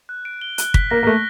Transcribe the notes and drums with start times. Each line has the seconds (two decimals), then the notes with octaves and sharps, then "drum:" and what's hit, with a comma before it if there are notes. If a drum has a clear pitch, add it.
0.09 F#6
0.25 D7
0.41 G7
0.58 F#6, drum: hi-hat
0.74 B6, drum: kick
0.91 A#3 A#6
1.03 A#3
1.07 A3 F#6